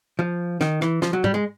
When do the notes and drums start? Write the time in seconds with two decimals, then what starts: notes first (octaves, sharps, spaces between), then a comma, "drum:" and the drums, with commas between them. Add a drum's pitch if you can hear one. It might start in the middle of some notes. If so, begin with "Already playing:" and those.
0.19 F3
0.61 D#3, drum: snare
0.82 E3, drum: rim click
1.02 F3, drum: snare
1.13 F#3
1.24 G3, drum: tom G#2
1.34 G#3